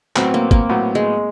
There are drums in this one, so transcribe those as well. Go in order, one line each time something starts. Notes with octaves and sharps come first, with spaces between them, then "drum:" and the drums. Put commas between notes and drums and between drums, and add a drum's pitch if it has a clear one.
A2 F#3 B3 C4, drum: clap
A#3
A#3, drum: kick
A2 F#3 B3
G#3